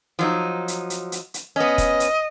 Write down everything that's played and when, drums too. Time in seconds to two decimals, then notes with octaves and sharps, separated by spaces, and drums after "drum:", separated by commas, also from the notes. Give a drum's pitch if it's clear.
0.19 F3 F#3 D#4
0.68 drum: hi-hat
0.90 drum: hi-hat
1.12 drum: hi-hat
1.34 drum: hi-hat
1.56 B3 C#4 D#5
1.78 drum: kick, hi-hat
2.00 drum: hi-hat